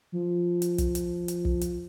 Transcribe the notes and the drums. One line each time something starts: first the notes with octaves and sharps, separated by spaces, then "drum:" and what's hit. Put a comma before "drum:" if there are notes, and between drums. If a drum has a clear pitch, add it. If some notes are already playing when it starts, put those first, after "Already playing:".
F3
drum: hi-hat
drum: kick, hi-hat
drum: hi-hat
drum: hi-hat
drum: kick
drum: hi-hat